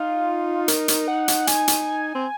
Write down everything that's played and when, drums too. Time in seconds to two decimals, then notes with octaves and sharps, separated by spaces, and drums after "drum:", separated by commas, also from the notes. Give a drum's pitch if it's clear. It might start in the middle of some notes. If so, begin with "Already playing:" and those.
Already playing: D#4 F4
0.68 A#4, drum: hi-hat
0.88 drum: hi-hat
1.08 F#5
1.28 drum: hi-hat
1.47 G#5, drum: hi-hat
1.68 drum: hi-hat
2.15 C4